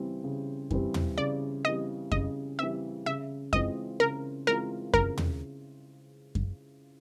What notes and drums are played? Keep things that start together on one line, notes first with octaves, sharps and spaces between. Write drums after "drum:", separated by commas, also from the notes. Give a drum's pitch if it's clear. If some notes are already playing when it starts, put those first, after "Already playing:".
Already playing: C#3 E3 G3 C4
C#3
E3 G3 C4, drum: kick F#2
drum: tom
C#3 D5
E3 G3 C4 D#5
C#3 D#5, drum: kick F#2
E3 G3 C4 E5
C#3 E5
E3 G#3 C4 F4 D#5, drum: kick F#2
C#3 A#4
E3 G#3 C4 F4 A#4
C#3 A#4, drum: kick F#2
drum: tom
drum: kick F#2